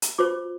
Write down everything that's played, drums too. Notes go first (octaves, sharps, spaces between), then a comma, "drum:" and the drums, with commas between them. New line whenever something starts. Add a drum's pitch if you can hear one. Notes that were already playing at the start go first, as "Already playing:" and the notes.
drum: hi-hat
F4 C5 D6